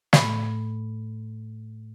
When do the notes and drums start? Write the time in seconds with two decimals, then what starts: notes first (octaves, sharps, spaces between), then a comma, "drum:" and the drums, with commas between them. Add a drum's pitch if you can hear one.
0.13 A2 A3 B5, drum: snare